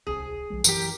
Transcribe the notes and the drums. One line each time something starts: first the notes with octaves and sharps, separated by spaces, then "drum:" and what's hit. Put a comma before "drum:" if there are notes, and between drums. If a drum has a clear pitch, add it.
D1 C2 C3 G#4
B1 F3 G#3
F#2 E3 F#3 G4 A#4, drum: tambourine